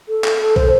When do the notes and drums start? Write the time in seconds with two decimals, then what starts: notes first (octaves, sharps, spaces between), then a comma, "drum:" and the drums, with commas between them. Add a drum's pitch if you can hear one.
0.09 A4
0.24 drum: clap
0.40 A4
0.56 C5, drum: kick B1